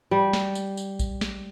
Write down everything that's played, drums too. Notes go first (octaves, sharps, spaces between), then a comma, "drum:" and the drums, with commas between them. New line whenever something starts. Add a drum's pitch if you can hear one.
G3
drum: snare
drum: tambourine
drum: tambourine
drum: kick A1, tambourine
drum: snare